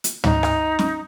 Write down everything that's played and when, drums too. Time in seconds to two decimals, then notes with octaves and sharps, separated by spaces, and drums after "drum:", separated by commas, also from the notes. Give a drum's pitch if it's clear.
0.04 drum: hi-hat
0.24 D#4, drum: tom
0.43 drum: rim click
0.79 drum: snare